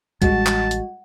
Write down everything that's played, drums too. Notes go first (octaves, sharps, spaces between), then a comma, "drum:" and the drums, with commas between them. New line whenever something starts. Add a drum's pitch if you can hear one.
A1 G3 G#3 F#4 D#5 A5, drum: kick, hi-hat
drum: clap
drum: hi-hat